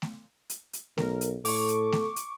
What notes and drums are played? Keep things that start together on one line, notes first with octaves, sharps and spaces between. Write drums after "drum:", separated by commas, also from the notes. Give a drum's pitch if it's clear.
drum: snare A3
drum: hi-hat
drum: hi-hat
B1 A#4, drum: snare A3
drum: hi-hat
A2 A4 C#6 D6, drum: open hi-hat
drum: hi-hat
drum: snare A3
drum: hi-hat